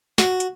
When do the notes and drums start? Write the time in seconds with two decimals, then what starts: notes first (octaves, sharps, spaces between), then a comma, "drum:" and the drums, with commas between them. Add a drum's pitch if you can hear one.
0.18 F#4, drum: snare
0.40 drum: hi-hat